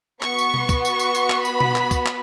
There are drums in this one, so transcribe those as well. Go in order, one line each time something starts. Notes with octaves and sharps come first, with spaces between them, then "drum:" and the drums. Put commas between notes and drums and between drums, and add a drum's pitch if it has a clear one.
B3 F#4 C#6, drum: clap
drum: tambourine
drum: tom B2
drum: kick, tambourine
C#6, drum: tambourine
drum: tambourine
drum: tambourine
drum: clap
B5, drum: tambourine
drum: tom B2
drum: clap
drum: kick, tambourine
drum: clap